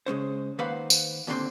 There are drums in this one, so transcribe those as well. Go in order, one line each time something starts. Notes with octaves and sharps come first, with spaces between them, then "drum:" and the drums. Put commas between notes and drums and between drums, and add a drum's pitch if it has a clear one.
C#3 G#3 C#4 C5
D#3 A#3 B4 C5 F5 F#5
drum: tambourine
D#2 A#2 D3 C4 C6